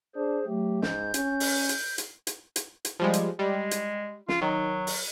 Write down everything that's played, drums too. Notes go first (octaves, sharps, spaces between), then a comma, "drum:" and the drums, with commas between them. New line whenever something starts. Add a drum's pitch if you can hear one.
D4 G#4 C5
F#3 A3 G4
G#2 G6, drum: snare
C#4, drum: hi-hat
drum: open hi-hat
drum: hi-hat
drum: hi-hat
drum: hi-hat
drum: hi-hat
drum: hi-hat
F3 G3 G#3
drum: hi-hat
G3 G#3
drum: hi-hat
F4, drum: snare
D#3 F#3
drum: open hi-hat